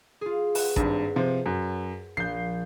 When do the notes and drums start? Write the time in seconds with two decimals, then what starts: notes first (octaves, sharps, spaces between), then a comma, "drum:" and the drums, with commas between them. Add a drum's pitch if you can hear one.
0.21 F4 G#4
0.55 B4 F#5, drum: open hi-hat
0.76 G#1 G2, drum: kick A1
1.16 C3 F3
1.46 F#2
2.17 A#1 G6 C7